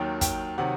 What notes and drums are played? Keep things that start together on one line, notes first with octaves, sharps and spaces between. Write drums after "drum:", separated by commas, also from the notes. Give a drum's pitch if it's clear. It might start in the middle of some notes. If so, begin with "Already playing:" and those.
Already playing: D#2 D#3 F#3 G5
G5, drum: kick, hi-hat
C3 D#3 F#3 F#5